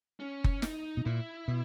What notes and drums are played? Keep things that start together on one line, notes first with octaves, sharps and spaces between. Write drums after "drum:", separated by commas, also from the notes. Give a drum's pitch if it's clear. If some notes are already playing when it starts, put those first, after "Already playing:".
C#4
drum: kick F#1
D#4, drum: snare
B2
A#2 E4
B2